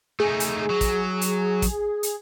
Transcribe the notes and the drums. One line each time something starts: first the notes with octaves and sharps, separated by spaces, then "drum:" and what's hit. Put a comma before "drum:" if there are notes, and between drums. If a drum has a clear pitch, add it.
A3 D#4 G#4
drum: hi-hat
F#3
drum: kick, hi-hat
drum: hi-hat
drum: kick, hi-hat
drum: hi-hat